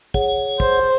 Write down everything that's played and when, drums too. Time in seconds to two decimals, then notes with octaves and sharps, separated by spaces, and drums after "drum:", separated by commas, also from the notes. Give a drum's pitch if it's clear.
0.14 G#4 C#5 F#5, drum: kick
0.60 C5, drum: kick